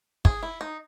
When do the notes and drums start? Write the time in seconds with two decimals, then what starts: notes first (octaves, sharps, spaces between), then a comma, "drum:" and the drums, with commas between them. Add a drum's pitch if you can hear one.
0.25 G#4, drum: kick
0.43 E4
0.61 D#4